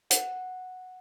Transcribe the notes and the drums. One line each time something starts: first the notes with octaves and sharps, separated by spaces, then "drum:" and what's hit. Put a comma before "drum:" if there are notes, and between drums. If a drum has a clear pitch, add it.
F#5, drum: hi-hat